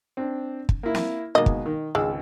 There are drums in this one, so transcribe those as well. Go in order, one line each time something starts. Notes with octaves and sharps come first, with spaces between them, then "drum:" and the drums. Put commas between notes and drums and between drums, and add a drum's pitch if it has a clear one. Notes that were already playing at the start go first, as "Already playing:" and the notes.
C4 D4
drum: kick
A#3 E4
drum: snare
B2 D#3 G#3 A#3 D#5
drum: kick
D#3
G#1 C#2 G#3 E6